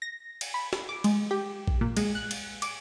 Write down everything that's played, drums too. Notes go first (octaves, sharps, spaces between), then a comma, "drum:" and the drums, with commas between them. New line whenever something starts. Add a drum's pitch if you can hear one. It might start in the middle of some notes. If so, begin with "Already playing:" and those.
A#6
drum: cymbal
B5
drum: snare
D6
G#3, drum: cymbal
G4
drum: kick A#1
A#2
G#3, drum: cymbal
F#6
drum: cymbal
D6, drum: cymbal